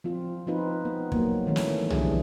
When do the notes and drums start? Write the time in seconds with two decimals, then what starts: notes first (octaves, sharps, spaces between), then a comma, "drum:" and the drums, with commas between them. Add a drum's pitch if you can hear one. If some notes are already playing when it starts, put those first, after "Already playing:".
0.04 F3 C4 F4
0.47 F3 C4 D#4 F4 B4
0.85 B3
1.12 F#3 A#3, drum: kick
1.46 D#3 E3 A3 C#4
1.56 drum: snare
1.90 D3 E3 F3 G3 G#4, drum: tom B1